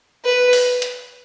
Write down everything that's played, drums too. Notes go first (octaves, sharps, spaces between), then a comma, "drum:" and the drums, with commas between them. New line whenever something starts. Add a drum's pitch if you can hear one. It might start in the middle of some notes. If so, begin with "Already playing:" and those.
B4
drum: open hi-hat
drum: hi-hat